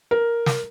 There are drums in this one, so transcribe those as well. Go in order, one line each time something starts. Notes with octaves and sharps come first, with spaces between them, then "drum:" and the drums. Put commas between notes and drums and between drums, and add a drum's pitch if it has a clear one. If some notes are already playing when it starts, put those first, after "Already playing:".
A#4
drum: snare